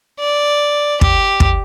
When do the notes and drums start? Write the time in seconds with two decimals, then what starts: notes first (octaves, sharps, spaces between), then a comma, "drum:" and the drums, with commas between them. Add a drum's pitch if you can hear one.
0.19 D5
1.01 G4, drum: kick
1.40 drum: kick